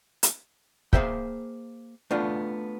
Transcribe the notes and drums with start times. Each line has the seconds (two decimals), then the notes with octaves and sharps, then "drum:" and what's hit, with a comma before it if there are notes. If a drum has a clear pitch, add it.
0.23 drum: hi-hat
0.93 A#3 G#4 A#4 C5 E5 G5, drum: kick
2.11 A3 B3 D4 F4